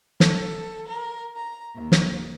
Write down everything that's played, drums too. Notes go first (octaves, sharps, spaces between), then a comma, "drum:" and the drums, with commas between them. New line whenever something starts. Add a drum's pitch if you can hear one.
A4, drum: snare
A#4
A#5
D#2
drum: snare